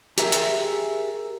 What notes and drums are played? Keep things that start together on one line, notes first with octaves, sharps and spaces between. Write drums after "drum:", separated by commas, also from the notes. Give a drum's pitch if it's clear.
G4 G#4 A#4 E5, drum: hi-hat
drum: hi-hat